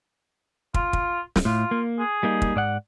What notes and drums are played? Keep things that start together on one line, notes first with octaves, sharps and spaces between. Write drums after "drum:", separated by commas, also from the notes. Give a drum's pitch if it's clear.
F4, drum: kick
drum: kick
drum: snare
A2 F4
A#3
G#4
G3 A#3 D#4
drum: kick
G#2 D5 F#5